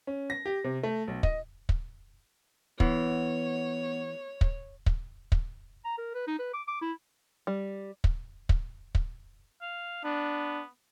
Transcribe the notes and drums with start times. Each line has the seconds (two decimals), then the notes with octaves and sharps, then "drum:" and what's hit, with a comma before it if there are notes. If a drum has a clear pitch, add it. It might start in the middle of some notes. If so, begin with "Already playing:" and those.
0.07 C#4
0.30 A#6
0.45 G4
0.64 C3
0.83 A3
1.08 B1
1.23 D#5, drum: kick
1.69 drum: kick
2.80 E3 B3 C#5, drum: kick
4.41 drum: kick
4.86 drum: kick
5.32 drum: kick
5.85 A#5
5.98 A#4
6.14 B4
6.27 D#4
6.39 B4
6.54 D6
6.68 D6
6.82 E4
7.47 G3
8.04 drum: kick
8.49 drum: kick
8.95 drum: kick
9.61 F5
10.04 B3 D4